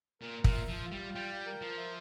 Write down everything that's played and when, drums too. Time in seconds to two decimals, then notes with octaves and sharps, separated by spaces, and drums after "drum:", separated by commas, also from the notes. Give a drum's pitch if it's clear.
0.21 A#2 A#4
0.44 A#2, drum: kick
0.52 E5
0.68 F3
0.84 F4
0.91 G3
1.15 G3 G5
1.46 A#4
1.62 F3
1.77 E5